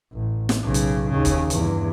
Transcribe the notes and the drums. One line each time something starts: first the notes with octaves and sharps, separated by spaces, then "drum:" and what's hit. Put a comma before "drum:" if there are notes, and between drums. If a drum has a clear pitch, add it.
A1
drum: snare
B1 C#3
drum: hi-hat
D#2 C#3
drum: kick, hi-hat
E2 G2, drum: hi-hat